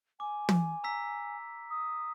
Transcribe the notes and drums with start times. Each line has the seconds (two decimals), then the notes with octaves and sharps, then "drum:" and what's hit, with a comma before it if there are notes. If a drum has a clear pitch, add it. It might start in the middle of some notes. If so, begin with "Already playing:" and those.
0.20 G#5 D6
0.49 drum: tom
0.84 A#5 E6 B6
1.70 D#6